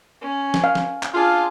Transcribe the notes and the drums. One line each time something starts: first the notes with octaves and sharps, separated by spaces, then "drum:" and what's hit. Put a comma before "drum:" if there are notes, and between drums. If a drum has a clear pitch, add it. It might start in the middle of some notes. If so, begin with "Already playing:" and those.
C#4
drum: snare
F5
drum: snare
drum: clap
D4 F4 G#4